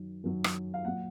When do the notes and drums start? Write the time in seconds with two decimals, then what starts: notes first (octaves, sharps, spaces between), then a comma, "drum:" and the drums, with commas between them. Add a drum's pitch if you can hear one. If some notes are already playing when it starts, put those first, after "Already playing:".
Already playing: F#2 D#3 F#3
0.24 F#2 D#3 F#3
0.44 drum: rim click
0.74 F5
0.84 A#2 F#3 F#5